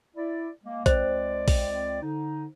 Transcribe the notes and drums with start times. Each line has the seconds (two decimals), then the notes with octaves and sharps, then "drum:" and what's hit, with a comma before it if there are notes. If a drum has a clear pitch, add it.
0.15 E4 D5
0.64 G#3 A#3
0.86 C#2 C4 C5 D5, drum: kick A#1, hi-hat
1.48 drum: kick A#1, open hi-hat
2.02 D3 D#4